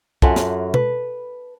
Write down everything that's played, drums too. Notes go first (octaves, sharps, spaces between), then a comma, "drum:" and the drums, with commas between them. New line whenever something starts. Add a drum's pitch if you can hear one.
F#2 F4 A4 E5 F#5 G#5, drum: kick
drum: snare
B4, drum: tom B2